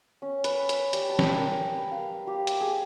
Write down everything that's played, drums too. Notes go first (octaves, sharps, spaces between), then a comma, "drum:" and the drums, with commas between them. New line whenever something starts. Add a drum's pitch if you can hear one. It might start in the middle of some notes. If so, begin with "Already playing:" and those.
C#4
B4, drum: hi-hat
B4, drum: hi-hat
G3, drum: hi-hat
A5
drum: snare
A#4
B4
F5
G4
drum: hi-hat
G#4